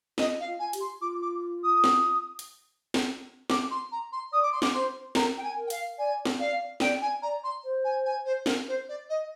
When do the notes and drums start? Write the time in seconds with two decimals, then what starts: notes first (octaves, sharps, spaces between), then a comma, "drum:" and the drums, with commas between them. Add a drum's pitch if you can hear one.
0.18 F4 D#5, drum: snare
0.39 F5
0.46 F4
0.59 G#5
0.73 G4, drum: hi-hat
0.80 C6
1.01 F4 D6
1.22 D6
1.63 D#6
1.84 drum: snare
2.39 drum: hi-hat
2.94 drum: snare
3.50 D6, drum: snare
3.71 C6
3.91 A#5
4.12 C6
4.32 D5 D#6
4.42 D6
4.52 C6
4.62 D6, drum: snare
4.73 C5 C6
5.15 A#4 A#5, drum: snare
5.37 G5
5.43 G#5
5.56 A#4
5.66 G5
5.70 F5, drum: hi-hat
5.98 D5 G#5
6.25 drum: snare
6.39 D5 F5
6.80 D5 G5, drum: snare
7.01 G#5
7.22 D5 A#5
7.43 C6
7.64 C5
7.84 G#5
8.05 G#5
8.25 C5
8.46 A#4, drum: snare
8.68 C5
8.88 D5
9.09 D#5